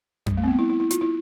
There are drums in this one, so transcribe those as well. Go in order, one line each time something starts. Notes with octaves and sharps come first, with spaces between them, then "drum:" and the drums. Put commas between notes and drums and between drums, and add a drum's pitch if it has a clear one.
G3, drum: tom F2
A3
C4
B3
E4
E4
E4
F4, drum: hi-hat
E4